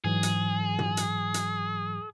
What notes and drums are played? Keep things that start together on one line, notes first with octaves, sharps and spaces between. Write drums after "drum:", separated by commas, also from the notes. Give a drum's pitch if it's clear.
G#2 E3 F#3 G#4
drum: hi-hat
drum: tom
drum: hi-hat
drum: hi-hat